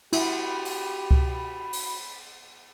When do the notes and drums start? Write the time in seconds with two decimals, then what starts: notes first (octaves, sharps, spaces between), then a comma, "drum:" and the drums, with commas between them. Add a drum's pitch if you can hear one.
0.13 E4 F#4 G4 B5, drum: cymbal
0.65 drum: open hi-hat
1.11 drum: kick C#2
1.73 drum: open hi-hat